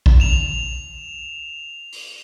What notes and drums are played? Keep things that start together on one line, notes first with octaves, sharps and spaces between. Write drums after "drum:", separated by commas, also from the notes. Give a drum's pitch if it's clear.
drum: kick A#1
E7 F7
drum: open hi-hat